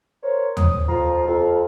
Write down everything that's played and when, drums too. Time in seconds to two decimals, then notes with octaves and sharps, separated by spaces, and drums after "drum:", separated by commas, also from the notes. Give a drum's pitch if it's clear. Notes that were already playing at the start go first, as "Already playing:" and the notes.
0.23 A#4 C5 C#5
0.57 D#6, drum: tom D#2
0.88 F2 F3 F4 A#5
1.26 F2